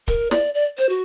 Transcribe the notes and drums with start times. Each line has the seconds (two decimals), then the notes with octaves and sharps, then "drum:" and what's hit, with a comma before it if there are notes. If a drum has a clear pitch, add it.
0.08 A#4, drum: kick D1, hi-hat
0.31 D5, drum: snare
0.54 D5
0.78 C5, drum: hi-hat
0.89 F#4